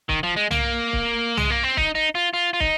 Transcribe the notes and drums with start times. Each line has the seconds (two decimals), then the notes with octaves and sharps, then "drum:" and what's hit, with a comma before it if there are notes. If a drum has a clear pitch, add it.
0.09 D#3, drum: kick
0.23 F3
0.36 G#3
0.51 A#3, drum: tom
0.93 drum: kick
1.37 G#3, drum: tom
1.50 A#3
1.63 C4
1.77 D#4, drum: kick
1.95 D#4
2.15 F4
2.33 F4
2.53 F4
2.60 D#4, drum: kick